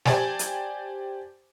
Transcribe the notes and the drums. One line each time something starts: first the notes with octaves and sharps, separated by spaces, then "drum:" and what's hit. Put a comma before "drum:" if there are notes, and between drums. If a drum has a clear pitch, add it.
G4 C5 D5 G#5 A5, drum: snare
drum: hi-hat